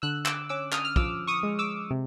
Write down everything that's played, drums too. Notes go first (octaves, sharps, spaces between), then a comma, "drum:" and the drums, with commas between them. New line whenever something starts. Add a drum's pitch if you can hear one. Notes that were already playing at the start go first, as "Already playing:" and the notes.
D3 E6 F#6
D6 E6, drum: clap
C#4 D6 E6
D#6 F6, drum: clap
F6
F3 D6 E6, drum: kick
C#6 D#6
G#3
D6 E6
C3